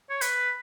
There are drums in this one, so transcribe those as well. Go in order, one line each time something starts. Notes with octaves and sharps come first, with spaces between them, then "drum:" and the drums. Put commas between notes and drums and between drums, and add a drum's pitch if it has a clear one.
C#5
B4, drum: hi-hat